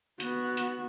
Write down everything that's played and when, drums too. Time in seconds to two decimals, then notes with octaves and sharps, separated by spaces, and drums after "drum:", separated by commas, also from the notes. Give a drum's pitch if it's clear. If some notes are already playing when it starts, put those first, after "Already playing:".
0.20 B3 F#4, drum: hi-hat
0.57 drum: hi-hat